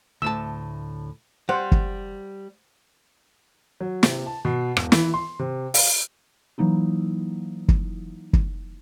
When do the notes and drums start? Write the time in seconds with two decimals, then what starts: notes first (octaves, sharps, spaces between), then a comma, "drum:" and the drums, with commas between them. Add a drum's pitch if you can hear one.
0.22 D2 A2 A5 E6
1.49 G3 C5 F#5
1.72 drum: kick
3.81 F#3
4.03 C3, drum: snare
4.26 A5
4.45 B2
4.77 E1, drum: rim click
4.92 E3, drum: snare
5.14 C6
5.39 C3
5.74 F5, drum: open hi-hat
6.58 E3 F#3 A#3 D#4 E4
7.68 drum: kick
8.33 drum: kick